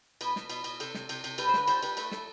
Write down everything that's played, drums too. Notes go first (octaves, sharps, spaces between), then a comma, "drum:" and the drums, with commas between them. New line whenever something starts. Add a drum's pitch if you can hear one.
B2 B4, drum: cymbal
B2, drum: snare
B2, drum: cymbal
B2, drum: cymbal
C3 A4, drum: cymbal
C3, drum: snare
C3, drum: cymbal
C3, drum: cymbal
G3 B4, drum: cymbal
C5
D3 B4, drum: snare
G3 C5, drum: cymbal
G3 B4, drum: cymbal
A3 B4, drum: cymbal
A3 A4, drum: snare